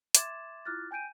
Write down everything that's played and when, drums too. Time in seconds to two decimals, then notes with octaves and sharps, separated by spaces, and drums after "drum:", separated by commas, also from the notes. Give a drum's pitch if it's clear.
0.15 E5 C6 D6 G#6 A6 E7, drum: hi-hat
0.65 E4 F4 D6 F6 F#6 A6
0.91 G5 G#5 G6 D7 D#7